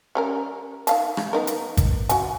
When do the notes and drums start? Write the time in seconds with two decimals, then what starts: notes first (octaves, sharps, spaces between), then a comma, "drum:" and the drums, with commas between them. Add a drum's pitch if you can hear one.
0.15 G3 C#4 A#4
0.87 D#3 F5 A5, drum: hi-hat
1.17 drum: rim click
1.33 B3 D#4 A#4
1.47 drum: hi-hat
1.77 drum: kick, hi-hat
2.09 F#4 G#5, drum: hi-hat